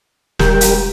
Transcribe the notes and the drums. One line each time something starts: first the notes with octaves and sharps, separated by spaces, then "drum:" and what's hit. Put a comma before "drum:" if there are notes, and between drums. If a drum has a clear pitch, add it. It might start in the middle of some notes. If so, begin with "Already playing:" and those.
E1 G3 A#4 G5, drum: snare
drum: hi-hat